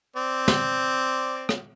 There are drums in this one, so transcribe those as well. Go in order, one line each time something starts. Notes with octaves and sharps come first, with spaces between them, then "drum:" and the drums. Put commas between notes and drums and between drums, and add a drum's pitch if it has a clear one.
C4 D5
drum: snare
drum: rim click